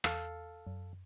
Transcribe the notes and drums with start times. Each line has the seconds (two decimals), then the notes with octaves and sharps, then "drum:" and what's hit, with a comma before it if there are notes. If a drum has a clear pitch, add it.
0.04 E2 A4 F5, drum: rim click
0.67 F#2